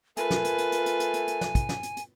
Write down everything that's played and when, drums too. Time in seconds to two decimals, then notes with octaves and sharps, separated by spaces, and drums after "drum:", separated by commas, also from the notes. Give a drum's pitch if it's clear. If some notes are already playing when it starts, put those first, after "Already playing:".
0.17 A3 F4 A#4 B4 G#5, drum: hi-hat
0.31 drum: snare
0.44 drum: hi-hat
0.58 drum: hi-hat
0.72 drum: hi-hat
0.86 drum: hi-hat
1.00 drum: hi-hat
1.14 drum: hi-hat
1.27 drum: hi-hat
1.41 drum: snare
1.55 drum: kick, hi-hat
1.69 drum: snare
1.83 drum: hi-hat
1.97 drum: hi-hat